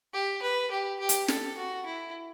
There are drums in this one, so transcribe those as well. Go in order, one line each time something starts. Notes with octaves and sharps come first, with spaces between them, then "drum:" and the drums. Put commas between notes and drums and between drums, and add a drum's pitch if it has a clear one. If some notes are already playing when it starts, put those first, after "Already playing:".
G4
B4
G4
G4
drum: hi-hat
A4, drum: snare
F#4
E4